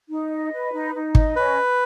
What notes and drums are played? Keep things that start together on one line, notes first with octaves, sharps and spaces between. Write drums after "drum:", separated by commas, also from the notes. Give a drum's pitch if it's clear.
D#4
D#5
B4
D#4
D#4
D#5, drum: kick
C#4 B4